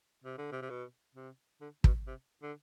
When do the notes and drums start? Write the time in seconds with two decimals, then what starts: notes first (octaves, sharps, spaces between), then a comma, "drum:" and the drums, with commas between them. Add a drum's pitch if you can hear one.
0.24 C3
0.38 D3
0.52 C3
0.62 C3
0.70 B2
1.15 C3
1.61 D3
1.84 B2, drum: kick
2.07 C3
2.43 D3